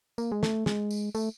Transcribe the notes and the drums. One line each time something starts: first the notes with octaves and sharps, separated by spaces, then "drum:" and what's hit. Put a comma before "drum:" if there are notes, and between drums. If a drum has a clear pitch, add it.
A#3, drum: tambourine
G#3
A3, drum: snare
G#3, drum: snare
drum: tambourine
A3, drum: tambourine